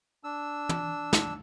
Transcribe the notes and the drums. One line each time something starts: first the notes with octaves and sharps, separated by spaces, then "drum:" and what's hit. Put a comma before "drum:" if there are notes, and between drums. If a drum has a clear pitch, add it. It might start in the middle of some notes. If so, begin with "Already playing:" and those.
D4 E6
drum: tom
drum: snare